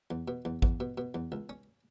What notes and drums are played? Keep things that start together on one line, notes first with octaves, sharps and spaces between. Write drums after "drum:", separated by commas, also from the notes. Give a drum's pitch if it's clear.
E2
B2
E2
E2, drum: kick A1
B2
B2
E2
C#2
C#4